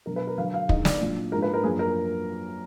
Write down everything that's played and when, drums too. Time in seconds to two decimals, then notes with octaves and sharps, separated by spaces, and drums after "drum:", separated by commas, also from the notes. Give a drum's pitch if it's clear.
0.06 B2 F#3 D4 A#4
0.16 B4
0.27 A#4
0.38 D3 F#3 D4 F5
0.54 F5
0.69 D#3 G#3 D4 D#5, drum: kick
0.85 D5, drum: snare
1.01 A#2 F#3 D4
1.32 G#2 F3 A#3 D4 A#4
1.42 B4
1.54 A#4
1.63 F#2 F3 A#3 D4 G#4
1.79 A#4